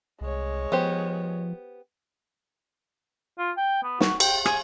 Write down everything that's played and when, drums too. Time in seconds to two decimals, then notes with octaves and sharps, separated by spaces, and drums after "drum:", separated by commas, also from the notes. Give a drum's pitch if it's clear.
0.21 C2 G#3 C#5
0.72 F3 B3 G4 C5
3.38 F4
3.57 G5
3.83 B3
4.00 F#4, drum: snare
4.20 G5, drum: cymbal
4.46 G#5, drum: rim click